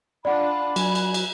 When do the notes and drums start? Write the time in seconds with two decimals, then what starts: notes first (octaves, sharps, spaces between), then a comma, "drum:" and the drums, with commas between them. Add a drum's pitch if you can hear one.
0.25 D4 F4 D5 F#5 A5 B5
0.76 F#3 G#5 F#6, drum: cymbal
0.95 drum: cymbal
1.14 drum: cymbal